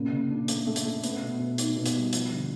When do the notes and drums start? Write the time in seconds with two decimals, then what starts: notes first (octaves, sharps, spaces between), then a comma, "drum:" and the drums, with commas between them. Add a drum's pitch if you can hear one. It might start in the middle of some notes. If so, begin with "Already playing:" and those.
Already playing: A#2 C#3
0.12 C#3
0.30 D4
0.48 A3, drum: hi-hat
0.67 A3
0.76 drum: hi-hat
0.85 A3
1.04 B3, drum: hi-hat
1.22 B2
1.39 B2
1.58 D#4, drum: hi-hat
1.76 B2
1.86 drum: hi-hat
1.95 G3
2.13 F3, drum: hi-hat
2.31 D3